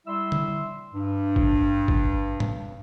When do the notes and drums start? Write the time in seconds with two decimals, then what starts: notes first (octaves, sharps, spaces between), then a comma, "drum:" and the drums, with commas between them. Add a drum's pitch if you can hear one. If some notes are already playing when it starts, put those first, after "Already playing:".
0.06 G3 E4 E5 C6 E6
0.32 drum: tom D3
0.93 G2
1.36 drum: kick
1.88 drum: kick
2.40 drum: tom G#2